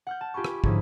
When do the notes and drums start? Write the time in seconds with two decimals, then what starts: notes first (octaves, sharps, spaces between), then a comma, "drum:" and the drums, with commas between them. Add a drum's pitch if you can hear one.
0.07 F#5 F6 G6
0.21 A5
0.34 F4 G4 G#5 B5 C#6
0.44 drum: rim click
0.64 G#2 D3 F3 C#4 D#4 E4, drum: kick